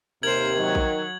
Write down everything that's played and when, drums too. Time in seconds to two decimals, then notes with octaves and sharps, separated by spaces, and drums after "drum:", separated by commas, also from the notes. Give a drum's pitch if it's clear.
0.23 D#2 C3 A#4 C5 G#6 F#7
0.57 D#3 F#3
0.75 drum: kick A#1